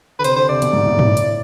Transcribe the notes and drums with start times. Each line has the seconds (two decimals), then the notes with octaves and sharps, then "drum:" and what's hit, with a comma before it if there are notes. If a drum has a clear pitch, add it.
0.19 D3 B4
0.24 C3 C5, drum: hi-hat
0.36 D3 C5
0.49 C3 D5
0.62 B2, drum: hi-hat
0.73 G#2
0.86 A2
0.99 A2, drum: tom
1.17 drum: hi-hat